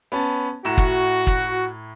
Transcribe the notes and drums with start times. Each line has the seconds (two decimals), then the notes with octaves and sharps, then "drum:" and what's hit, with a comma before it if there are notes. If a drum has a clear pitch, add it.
0.12 B3 C#4 A5
0.65 A2 F#4 A#5 E7
0.77 drum: kick
1.27 drum: kick